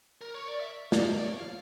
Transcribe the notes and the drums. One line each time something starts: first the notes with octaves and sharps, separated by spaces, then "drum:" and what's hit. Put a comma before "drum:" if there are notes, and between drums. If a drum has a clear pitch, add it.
A#4
C#5
D5
E5
D5, drum: snare
D5
C#5
F5